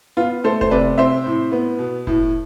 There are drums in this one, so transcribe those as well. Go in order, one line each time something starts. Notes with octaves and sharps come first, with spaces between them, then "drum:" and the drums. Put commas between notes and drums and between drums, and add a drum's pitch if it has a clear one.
B3 F4
A3 A4 C5
C5, drum: kick F1
C3 B4 D5
C4 C5 E5
A2
B3
B2
A2, drum: kick F1